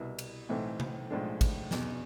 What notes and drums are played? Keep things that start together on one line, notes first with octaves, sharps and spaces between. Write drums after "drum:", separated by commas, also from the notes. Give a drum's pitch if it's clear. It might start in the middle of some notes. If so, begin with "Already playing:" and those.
Already playing: C2 B2 B3 E4
drum: cymbal
B1 A2 E3 A3 C4
drum: tom C3
B1 A2 F3 G#3 D4
drum: kick, cymbal
F1 E2 B2, drum: snare